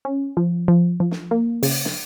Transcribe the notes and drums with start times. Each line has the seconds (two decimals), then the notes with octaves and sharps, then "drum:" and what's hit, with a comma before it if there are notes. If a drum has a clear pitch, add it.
0.05 C#4
0.37 F3
0.68 F3
1.00 F3
1.11 drum: snare
1.31 A#3
1.63 C#3, drum: open hi-hat
1.85 drum: snare